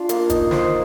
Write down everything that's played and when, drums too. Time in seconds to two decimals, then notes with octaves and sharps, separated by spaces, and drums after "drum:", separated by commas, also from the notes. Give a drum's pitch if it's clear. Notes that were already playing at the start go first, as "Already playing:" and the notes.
Already playing: D4 F4
0.09 A#3, drum: hi-hat
0.30 D#4, drum: kick, hi-hat
0.51 C5, drum: snare